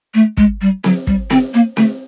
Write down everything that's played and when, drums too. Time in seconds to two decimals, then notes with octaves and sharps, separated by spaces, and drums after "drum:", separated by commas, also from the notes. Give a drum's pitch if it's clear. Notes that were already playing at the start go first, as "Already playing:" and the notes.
0.14 A3
0.37 G#3, drum: kick
0.61 G3
0.84 F#3, drum: snare C4
1.07 G3, drum: kick
1.30 C4, drum: snare C4
1.54 A#3, drum: hi-hat
1.77 A3, drum: snare C4